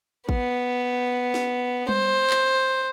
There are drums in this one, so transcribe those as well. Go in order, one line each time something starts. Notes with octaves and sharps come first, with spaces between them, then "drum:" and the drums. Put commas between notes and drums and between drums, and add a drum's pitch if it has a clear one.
B3, drum: kick
drum: snare
C5, drum: tom G3
drum: clap